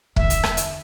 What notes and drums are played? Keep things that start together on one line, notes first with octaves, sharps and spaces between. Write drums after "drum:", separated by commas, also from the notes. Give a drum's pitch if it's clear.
E2 D3 E5, drum: kick
drum: hi-hat
drum: rim click
drum: hi-hat